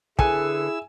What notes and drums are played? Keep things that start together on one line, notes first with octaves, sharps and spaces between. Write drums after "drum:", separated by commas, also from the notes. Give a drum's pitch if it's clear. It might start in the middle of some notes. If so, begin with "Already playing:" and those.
D3 E4 G#4 A4 B4 G#5 E6, drum: kick